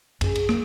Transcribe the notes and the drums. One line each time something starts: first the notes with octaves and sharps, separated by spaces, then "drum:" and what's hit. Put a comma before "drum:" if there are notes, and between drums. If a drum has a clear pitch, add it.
F#2 G#4, drum: kick, cymbal
drum: cymbal
A#3, drum: rim click